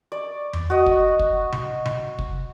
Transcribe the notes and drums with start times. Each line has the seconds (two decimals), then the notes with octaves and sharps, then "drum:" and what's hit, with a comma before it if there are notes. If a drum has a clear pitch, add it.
0.12 D5
0.53 drum: tom E2
0.70 F#4 D#5
0.86 drum: kick
1.19 drum: kick
1.52 drum: tom C3
1.85 drum: tom C3
2.19 drum: kick